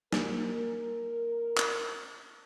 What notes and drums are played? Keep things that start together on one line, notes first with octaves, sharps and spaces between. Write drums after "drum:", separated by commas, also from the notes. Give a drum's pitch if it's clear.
A#3 A#4, drum: snare
drum: clap